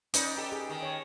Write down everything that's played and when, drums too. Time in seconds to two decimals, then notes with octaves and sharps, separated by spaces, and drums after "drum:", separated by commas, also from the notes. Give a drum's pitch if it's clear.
0.14 C#4 D#4 B4 D5, drum: hi-hat
0.36 D#4 G4 A4
0.52 G#4
0.70 D#3
0.83 C#5